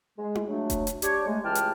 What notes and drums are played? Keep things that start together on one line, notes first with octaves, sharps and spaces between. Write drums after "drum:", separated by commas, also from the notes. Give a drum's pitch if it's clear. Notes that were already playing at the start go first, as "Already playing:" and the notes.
G#3
drum: tom E4
F#3 A3 D4
drum: kick E1, hi-hat
drum: hi-hat
D4 G4 C#5, drum: hi-hat
G#3 A3
C#2 E3 G4 G5 A5 F6
drum: hi-hat